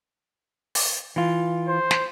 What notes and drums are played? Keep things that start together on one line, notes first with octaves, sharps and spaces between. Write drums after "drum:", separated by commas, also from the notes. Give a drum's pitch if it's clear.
drum: open hi-hat
E3 F4
C5
drum: snare